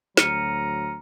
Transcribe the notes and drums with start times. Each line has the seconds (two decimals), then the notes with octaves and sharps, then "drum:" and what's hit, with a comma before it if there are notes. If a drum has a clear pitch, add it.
0.17 D2 F#3 A#5 F6 C#7 D#7, drum: snare